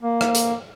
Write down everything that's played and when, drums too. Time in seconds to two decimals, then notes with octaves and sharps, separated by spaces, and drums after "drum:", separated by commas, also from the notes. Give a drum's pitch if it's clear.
0.03 A#3
0.21 drum: rim click
0.34 drum: hi-hat